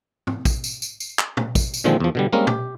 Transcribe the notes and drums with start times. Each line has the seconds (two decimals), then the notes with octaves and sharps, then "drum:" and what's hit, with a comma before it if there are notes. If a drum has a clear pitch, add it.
0.27 drum: tom G#2
0.45 drum: kick, tambourine
0.64 drum: tambourine
0.82 drum: tambourine
1.00 drum: tambourine
1.19 drum: clap
1.37 drum: tom
1.55 drum: kick, tambourine
1.74 drum: tambourine
1.84 A#2 D3 D#3 F3 G#3 C4
2.00 E2 F3
2.15 B2 D3 G3
2.33 G3 G#3 A#3 C4 C#4 A#4
2.47 G4, drum: tom